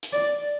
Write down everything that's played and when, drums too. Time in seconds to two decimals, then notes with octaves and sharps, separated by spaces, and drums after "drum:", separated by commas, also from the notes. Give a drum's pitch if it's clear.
0.03 drum: hi-hat
0.13 D5